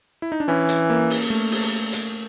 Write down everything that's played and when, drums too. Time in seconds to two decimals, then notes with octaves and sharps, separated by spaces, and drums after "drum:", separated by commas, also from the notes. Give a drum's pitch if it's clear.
0.22 E4
0.32 D#4
0.40 D4
0.48 E3 C#4
0.69 drum: hi-hat
0.90 A#3
1.10 drum: open hi-hat
1.30 A3
1.51 drum: open hi-hat
1.93 drum: hi-hat